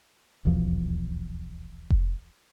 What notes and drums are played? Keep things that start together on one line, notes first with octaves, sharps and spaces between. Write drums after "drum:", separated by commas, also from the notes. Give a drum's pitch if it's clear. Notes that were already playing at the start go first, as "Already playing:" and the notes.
D#1 B1 E2 F3
drum: kick F1